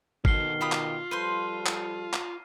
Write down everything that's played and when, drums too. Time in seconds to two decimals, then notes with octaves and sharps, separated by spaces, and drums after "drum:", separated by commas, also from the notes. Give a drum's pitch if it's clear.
0.25 B2 D#3 F#4 A4 F6 C7 G7, drum: kick G#1
0.61 F4 G4 B5 D#6
0.72 drum: clap
1.11 F3 G3 A4 B4 C5 C6 D#7
1.66 drum: clap
2.13 drum: clap